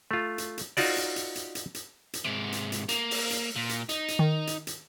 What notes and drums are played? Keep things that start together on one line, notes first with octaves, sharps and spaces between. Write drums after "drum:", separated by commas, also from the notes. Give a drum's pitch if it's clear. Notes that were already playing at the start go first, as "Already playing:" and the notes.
A3 F4
drum: hi-hat
drum: hi-hat
D#4 F4 F#4 D5, drum: open hi-hat
drum: hi-hat
drum: hi-hat
drum: hi-hat
drum: hi-hat
drum: hi-hat
drum: hi-hat
G#2 C3 D7 E7
drum: hi-hat
drum: hi-hat
A#3, drum: hi-hat
drum: open hi-hat
drum: hi-hat
A#2
drum: hi-hat
D#4, drum: hi-hat
drum: hi-hat
D#3
drum: hi-hat
drum: hi-hat